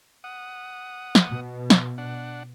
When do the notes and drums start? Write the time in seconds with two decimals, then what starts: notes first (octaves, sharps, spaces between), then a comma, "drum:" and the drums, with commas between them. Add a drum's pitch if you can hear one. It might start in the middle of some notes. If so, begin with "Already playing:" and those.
0.24 F#5 D#6
1.15 drum: snare
1.27 B2
1.70 drum: snare
1.98 D4 F#5